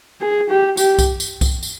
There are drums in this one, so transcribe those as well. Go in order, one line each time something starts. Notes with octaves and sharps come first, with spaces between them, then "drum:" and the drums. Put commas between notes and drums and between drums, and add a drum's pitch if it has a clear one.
G#4
G4
G4, drum: tambourine
drum: kick C2, tambourine
drum: tambourine
drum: kick C2, tambourine
drum: tambourine